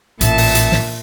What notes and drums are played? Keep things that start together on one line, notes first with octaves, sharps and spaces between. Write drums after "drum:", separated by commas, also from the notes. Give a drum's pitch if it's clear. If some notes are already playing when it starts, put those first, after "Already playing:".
A1 A#2 E5 A5, drum: hi-hat
drum: open hi-hat
drum: hi-hat
drum: snare